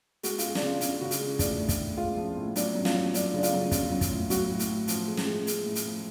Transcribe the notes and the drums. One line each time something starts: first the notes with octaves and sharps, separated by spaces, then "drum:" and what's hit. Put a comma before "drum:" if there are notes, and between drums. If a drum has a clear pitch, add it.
G#3 F#4, drum: hi-hat
G#3 F4, drum: hi-hat
D4, drum: snare
C#3 F4
C#3 F4, drum: hi-hat
C#3 F#4
F4, drum: hi-hat
G#3
A2 D4, drum: kick, hi-hat
A2
drum: kick, hi-hat
A2
G#3 F4
F3
A2
F#3 D4, drum: hi-hat
F#3
F4, drum: snare
F#3
F#3 D4, drum: hi-hat
C#3 D4
F4, drum: hi-hat
F#3
F#3 F4, drum: kick, hi-hat
F#3
drum: kick, hi-hat
A2
F#3 F#4, drum: hi-hat
A2
drum: hi-hat
A2
F3, drum: hi-hat
G#3
drum: snare
G#3
G#3, drum: hi-hat
A2
drum: hi-hat
F3